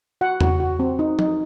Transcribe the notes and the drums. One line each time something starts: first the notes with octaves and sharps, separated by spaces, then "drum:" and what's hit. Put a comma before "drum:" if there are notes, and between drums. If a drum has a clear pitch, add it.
F#4 F#5
F#4, drum: tom E2
F#4
C4
D#4
D#4, drum: tom F3